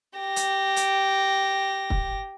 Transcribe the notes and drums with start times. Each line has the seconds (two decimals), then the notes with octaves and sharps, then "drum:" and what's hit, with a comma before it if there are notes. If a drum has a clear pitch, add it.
0.19 G4 A#6
0.36 drum: hi-hat
0.76 drum: hi-hat
1.90 drum: kick